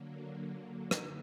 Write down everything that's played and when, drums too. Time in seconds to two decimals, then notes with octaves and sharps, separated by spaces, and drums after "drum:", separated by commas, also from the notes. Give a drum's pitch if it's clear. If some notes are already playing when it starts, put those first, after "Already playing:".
Already playing: D3 F#3 A#3
0.70 A4
0.91 drum: rim click